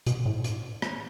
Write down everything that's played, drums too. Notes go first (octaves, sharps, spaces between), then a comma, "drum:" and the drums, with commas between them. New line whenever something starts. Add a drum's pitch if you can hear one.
B2, drum: hi-hat
A2
drum: hi-hat
drum: rim click